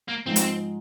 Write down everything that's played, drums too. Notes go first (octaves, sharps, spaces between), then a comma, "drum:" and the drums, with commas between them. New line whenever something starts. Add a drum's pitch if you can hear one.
A#3
G#2 F3 G#3 C4 D#4
drum: hi-hat